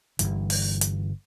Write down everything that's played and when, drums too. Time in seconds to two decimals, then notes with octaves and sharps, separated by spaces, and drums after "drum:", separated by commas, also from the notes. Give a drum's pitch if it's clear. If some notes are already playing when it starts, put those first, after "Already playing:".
0.19 G1 G2 E3, drum: hi-hat
0.50 drum: open hi-hat
0.81 drum: hi-hat